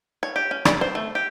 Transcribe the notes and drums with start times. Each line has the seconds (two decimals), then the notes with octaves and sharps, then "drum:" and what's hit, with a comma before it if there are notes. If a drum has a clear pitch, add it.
0.23 C#5
0.36 G4
0.51 C#4
0.65 D5, drum: rim click
0.81 C5
0.95 A3
1.15 G4